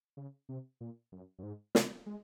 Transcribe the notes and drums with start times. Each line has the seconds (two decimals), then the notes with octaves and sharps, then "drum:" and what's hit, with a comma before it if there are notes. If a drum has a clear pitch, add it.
0.17 C#3
0.49 C3
0.81 A#2
1.12 F#2
1.39 F#2
1.43 G#2
1.75 C3, drum: snare
2.06 G#3